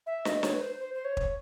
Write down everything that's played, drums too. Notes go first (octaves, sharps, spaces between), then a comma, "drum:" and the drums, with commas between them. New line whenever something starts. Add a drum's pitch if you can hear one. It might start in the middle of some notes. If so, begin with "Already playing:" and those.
E5
D#5, drum: snare
C#5, drum: snare
B4
C5
C5
C5
C#5
drum: kick